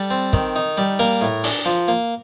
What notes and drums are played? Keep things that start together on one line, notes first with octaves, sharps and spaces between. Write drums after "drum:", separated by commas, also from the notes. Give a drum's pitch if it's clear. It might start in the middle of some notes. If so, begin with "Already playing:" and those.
Already playing: G3 A4
C4
D#3, drum: kick
D#4
G3
A#3 A#4
A2
D4, drum: open hi-hat
F3
A#3